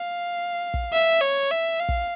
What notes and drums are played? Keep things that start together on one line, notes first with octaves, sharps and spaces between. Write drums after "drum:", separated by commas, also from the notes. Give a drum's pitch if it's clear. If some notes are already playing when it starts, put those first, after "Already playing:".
Already playing: F5
drum: kick
E5
C#5
E5
F5
drum: kick